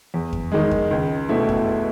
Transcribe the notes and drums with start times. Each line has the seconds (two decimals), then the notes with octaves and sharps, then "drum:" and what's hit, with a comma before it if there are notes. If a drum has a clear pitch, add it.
0.14 E2
0.33 drum: kick F2
0.52 D#3 G#3
0.71 drum: kick F2
0.91 C#2
1.29 B2 A3 E4
1.49 drum: kick F2